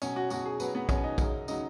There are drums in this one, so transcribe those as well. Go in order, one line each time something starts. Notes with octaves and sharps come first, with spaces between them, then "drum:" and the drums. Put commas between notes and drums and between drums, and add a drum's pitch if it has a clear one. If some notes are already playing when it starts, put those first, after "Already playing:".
B2 F#3 C#4, drum: tambourine
F#4
B2 F#3 F#4, drum: tambourine
G#4
B2 F#3 B4, drum: tambourine
B3
B2 F#3 C#4, drum: kick, tambourine
D#4
F#2 C#3 F#3, drum: kick, tambourine
C#3 F#3 D#4, drum: tambourine